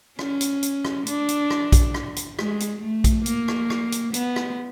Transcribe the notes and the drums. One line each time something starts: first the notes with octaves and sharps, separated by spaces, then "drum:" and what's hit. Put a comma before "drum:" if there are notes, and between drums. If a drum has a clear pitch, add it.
C#4, drum: rim click
drum: hi-hat
drum: hi-hat
drum: rim click
D4, drum: hi-hat
drum: hi-hat
drum: rim click
drum: kick A#1, hi-hat
drum: rim click
drum: hi-hat
G#3, drum: rim click
drum: hi-hat
A3
drum: kick A#1, hi-hat
A#3, drum: hi-hat
drum: rim click
drum: rim click
drum: hi-hat
B3, drum: hi-hat
drum: rim click